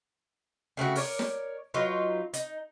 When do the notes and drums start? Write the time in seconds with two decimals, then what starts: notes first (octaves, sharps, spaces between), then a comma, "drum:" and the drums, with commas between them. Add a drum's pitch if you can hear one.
0.77 C#3 A3 C4 F#4
0.96 A#4 C#5 D5, drum: open hi-hat
1.19 drum: snare
1.74 F#3 D#4 F4 B4
2.34 D#4, drum: hi-hat